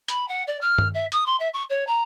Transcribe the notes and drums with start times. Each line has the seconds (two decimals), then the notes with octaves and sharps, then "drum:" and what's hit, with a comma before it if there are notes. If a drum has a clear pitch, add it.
0.08 B5, drum: hi-hat
0.28 F#5
0.47 D5
0.61 F6
0.78 drum: tom G2
0.94 E5
1.12 D#6, drum: hi-hat
1.26 C6
1.40 E5
1.53 C#6
1.69 C#5
1.87 A#5